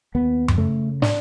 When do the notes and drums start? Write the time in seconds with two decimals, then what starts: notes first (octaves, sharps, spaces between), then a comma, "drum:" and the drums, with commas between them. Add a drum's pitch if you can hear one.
0.15 D#2 B3
0.48 drum: tom F#2
0.58 C#3 A3
1.02 D4, drum: snare